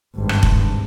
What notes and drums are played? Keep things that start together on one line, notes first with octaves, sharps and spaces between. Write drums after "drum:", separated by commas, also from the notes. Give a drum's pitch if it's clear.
G#1 G2
drum: rim click
drum: kick